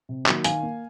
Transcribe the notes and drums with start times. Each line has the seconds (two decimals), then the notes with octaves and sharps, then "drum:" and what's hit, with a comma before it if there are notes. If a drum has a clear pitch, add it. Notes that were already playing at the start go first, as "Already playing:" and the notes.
0.09 C3
0.26 D#3 F#3 A#3, drum: clap
0.44 D#3 F5 G#5, drum: hi-hat
0.63 A#3